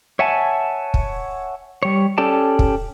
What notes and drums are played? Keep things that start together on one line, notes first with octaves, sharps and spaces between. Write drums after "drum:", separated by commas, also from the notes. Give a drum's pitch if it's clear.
C#5 E5 F#5 G#5 A5
drum: kick
G3 C#5
C#4 G4 A4 D5 A5
drum: kick